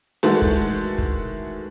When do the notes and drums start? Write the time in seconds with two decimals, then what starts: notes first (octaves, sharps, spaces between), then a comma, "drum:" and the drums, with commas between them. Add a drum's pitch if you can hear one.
0.23 D#3 E3 G#3 A3 F#4 A4, drum: snare D4
0.42 drum: kick
0.98 drum: kick